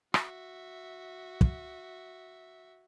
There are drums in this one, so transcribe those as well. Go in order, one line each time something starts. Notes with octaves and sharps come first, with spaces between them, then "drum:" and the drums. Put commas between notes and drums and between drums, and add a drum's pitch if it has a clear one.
F#4 E5, drum: rim click
drum: kick